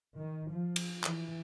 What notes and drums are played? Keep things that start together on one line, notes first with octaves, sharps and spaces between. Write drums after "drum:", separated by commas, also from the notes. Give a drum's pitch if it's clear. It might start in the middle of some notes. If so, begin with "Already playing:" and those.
D#3
F3
drum: cymbal
E3, drum: clap